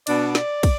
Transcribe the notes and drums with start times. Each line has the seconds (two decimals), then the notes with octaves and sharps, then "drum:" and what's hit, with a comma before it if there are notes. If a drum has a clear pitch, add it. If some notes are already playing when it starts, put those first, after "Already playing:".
0.07 B2 B3 D4 D5, drum: cymbal
0.35 drum: snare
0.63 drum: kick, cymbal